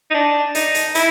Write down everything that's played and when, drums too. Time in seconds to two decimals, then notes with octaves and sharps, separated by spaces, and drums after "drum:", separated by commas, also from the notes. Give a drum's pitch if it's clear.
0.10 D#4
0.14 D4
0.55 D#4, drum: hi-hat
0.75 drum: hi-hat
0.95 E4, drum: hi-hat